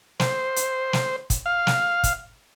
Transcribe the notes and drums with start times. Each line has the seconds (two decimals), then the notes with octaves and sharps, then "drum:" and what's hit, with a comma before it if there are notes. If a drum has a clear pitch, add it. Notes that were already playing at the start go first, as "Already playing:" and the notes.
0.20 C5, drum: snare
0.56 drum: hi-hat
0.93 drum: snare
1.30 drum: kick, hi-hat
1.46 F5
1.67 drum: snare
2.04 drum: kick, hi-hat